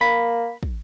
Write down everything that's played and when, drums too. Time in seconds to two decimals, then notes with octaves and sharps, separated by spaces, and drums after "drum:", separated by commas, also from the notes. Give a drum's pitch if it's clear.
0.01 A#3 B5
0.63 drum: kick